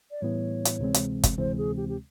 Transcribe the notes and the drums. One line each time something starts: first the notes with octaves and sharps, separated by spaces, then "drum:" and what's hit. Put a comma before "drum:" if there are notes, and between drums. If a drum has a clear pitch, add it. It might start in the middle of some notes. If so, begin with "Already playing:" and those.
D5
A2 E3 G3 B3 E4 C#5
drum: hi-hat
D2 C3 E3 G#3 C4
drum: hi-hat
drum: kick, hi-hat
D2 C3 E3 G#3 C4 C5
G#4
G4
G4